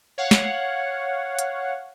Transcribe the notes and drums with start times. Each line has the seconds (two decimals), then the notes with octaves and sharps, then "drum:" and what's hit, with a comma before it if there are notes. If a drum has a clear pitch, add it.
0.18 C#5 F5 F#5
0.31 drum: snare
1.39 drum: hi-hat